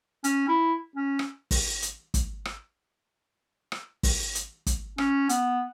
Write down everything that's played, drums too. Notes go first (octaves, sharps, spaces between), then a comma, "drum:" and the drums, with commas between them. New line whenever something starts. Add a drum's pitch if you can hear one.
C#4, drum: hi-hat
E4
C#4
drum: rim click
drum: kick, open hi-hat
drum: hi-hat
drum: kick, hi-hat
drum: rim click
drum: rim click
drum: kick, open hi-hat
drum: hi-hat
drum: kick, hi-hat
C#4, drum: rim click
B3, drum: hi-hat